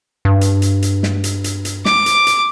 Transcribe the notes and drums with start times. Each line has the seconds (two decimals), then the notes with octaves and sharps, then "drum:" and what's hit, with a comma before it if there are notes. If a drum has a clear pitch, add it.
0.25 G2
0.41 drum: hi-hat
0.62 drum: hi-hat
0.82 drum: hi-hat
1.03 drum: snare
1.24 drum: hi-hat
1.44 drum: hi-hat
1.65 drum: hi-hat
1.85 D6, drum: snare
2.06 drum: hi-hat
2.27 drum: hi-hat